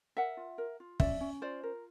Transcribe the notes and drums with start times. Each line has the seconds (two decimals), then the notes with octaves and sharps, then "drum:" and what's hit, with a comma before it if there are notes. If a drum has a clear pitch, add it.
0.17 A#4 E5 F#5
0.37 F4
0.58 A#4
0.80 F4
1.00 C#4 D5 E5, drum: kick
1.20 C#4
1.41 F4 C5 D5
1.63 A#4